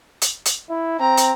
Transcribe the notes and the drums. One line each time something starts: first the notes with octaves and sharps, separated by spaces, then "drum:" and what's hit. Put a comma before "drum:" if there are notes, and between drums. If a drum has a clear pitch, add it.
drum: hi-hat
drum: hi-hat
E4
C4 A#5
drum: hi-hat